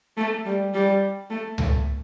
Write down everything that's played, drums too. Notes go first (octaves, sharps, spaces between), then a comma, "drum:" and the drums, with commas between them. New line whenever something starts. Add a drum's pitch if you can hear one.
A3
G3
G3
A3
A3, drum: tom C#2